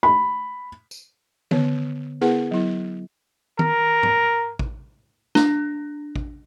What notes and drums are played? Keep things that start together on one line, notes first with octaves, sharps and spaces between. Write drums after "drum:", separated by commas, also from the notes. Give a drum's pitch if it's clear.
B5
drum: tambourine
D3 B3 C#5, drum: tom D#3
B3 E4 G#4 A#4 B4 F#5
F#3 B3 E4
A#4, drum: tom D#3
drum: tom G#2
drum: kick
D4, drum: snare
drum: kick